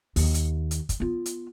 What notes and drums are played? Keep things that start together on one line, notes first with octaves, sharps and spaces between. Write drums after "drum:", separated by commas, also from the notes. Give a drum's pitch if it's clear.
D#2, drum: open hi-hat
drum: hi-hat
drum: hi-hat
drum: kick, hi-hat
B3 F4
drum: hi-hat